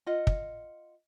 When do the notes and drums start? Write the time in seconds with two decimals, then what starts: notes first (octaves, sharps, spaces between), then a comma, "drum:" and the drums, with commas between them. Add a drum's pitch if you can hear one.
0.06 F4 D#5 F#5
0.27 drum: kick